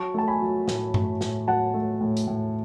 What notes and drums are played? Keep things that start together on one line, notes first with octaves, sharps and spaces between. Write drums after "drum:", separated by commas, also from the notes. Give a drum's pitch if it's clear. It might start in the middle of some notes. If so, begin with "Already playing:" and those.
Already playing: F#3 A5 C#6
A3 A5
G#5 B5
F#3
A2, drum: snare
A3, drum: tom G2
A2, drum: snare
F#3 F#5 A5
A3
A2
drum: hi-hat
A2